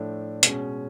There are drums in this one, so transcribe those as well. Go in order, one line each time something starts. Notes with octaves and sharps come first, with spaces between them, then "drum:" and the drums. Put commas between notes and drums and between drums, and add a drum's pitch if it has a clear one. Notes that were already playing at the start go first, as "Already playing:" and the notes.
Already playing: A2 F3 A3 D4
B2 G#3 C#4, drum: hi-hat